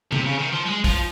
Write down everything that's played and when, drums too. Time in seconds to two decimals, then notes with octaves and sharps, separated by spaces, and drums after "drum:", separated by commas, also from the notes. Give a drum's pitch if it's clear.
0.12 C3, drum: tom C3
0.26 C#3
0.39 D#3
0.53 F3
0.66 G#3
0.84 F3, drum: kick, open hi-hat